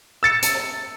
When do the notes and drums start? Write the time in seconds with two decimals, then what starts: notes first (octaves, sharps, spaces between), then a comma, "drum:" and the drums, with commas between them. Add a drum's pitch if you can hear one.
0.23 E6 A6 C#7
0.43 drum: hi-hat